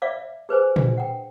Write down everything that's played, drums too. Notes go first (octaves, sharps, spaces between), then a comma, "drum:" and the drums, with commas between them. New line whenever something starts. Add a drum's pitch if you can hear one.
D5 E5 F5 D6
G#4 B4 C5 G#5
D4, drum: tom A#2
F#5 G5